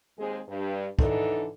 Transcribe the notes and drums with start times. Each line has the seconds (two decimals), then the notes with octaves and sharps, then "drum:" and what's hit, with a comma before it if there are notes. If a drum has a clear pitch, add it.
0.18 D#2 G#3 C4 G#4
0.48 G2
0.99 D3 E3 D4 D#4 A4, drum: kick